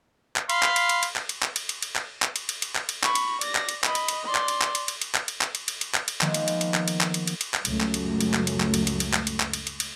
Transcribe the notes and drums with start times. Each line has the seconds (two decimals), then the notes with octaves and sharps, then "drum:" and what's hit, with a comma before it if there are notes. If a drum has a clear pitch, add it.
0.36 drum: clap
0.49 F5 B5 C6, drum: cymbal
0.63 drum: clap
0.76 drum: cymbal
0.89 drum: cymbal
1.03 drum: cymbal
1.16 drum: clap
1.29 drum: cymbal
1.43 drum: clap
1.56 drum: cymbal
1.69 drum: cymbal
1.82 drum: cymbal
1.96 drum: clap
2.22 drum: clap
2.36 drum: cymbal
2.49 drum: cymbal
2.62 drum: cymbal
2.76 drum: clap
2.89 drum: cymbal
3.04 B5 C#6, drum: clap
3.15 drum: cymbal
3.41 D5 A#6, drum: cymbal
3.55 drum: clap
3.69 drum: cymbal
3.84 D#5 B5, drum: clap
3.95 drum: cymbal
4.08 drum: cymbal
4.25 D5 C6
4.35 drum: clap
4.48 drum: cymbal
4.62 drum: clap
4.75 drum: cymbal
4.88 drum: cymbal
5.01 drum: cymbal
5.15 drum: clap
5.28 drum: cymbal
5.41 drum: clap
5.55 drum: cymbal
5.68 drum: cymbal
5.81 drum: cymbal
5.95 drum: clap
6.08 drum: cymbal
6.21 D#3 F3 G#3 A#3 B3, drum: clap
6.34 drum: cymbal
6.48 drum: cymbal
6.61 drum: cymbal
6.74 drum: clap
6.88 drum: cymbal
7.01 drum: clap
7.14 drum: cymbal
7.27 drum: cymbal
7.41 drum: cymbal
7.54 drum: clap
7.65 C#2 F#2 F#3 G#3 A3, drum: cymbal
7.81 drum: clap
7.94 drum: cymbal
8.21 drum: cymbal
8.34 drum: clap
8.47 drum: cymbal
8.60 drum: clap
8.74 drum: cymbal
8.87 drum: cymbal
9.00 drum: cymbal
9.14 drum: clap
9.27 drum: cymbal
9.40 drum: clap
9.53 drum: cymbal
9.67 drum: cymbal
9.80 drum: cymbal